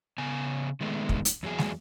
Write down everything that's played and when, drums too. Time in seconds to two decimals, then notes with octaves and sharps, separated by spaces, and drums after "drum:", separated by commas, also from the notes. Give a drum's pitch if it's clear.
0.18 C#3 B3 G#5
0.81 D#3 G#3 A3 B3
1.09 drum: kick
1.25 drum: hi-hat
1.43 E2 F#3 G#4
1.58 drum: snare